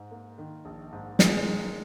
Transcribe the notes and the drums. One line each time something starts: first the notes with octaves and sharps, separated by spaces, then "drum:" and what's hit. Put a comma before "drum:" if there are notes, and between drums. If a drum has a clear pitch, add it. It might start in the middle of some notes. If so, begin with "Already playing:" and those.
Already playing: G#2
A#3
D#3
A#1
G#2
G#3 A#3, drum: snare
D#3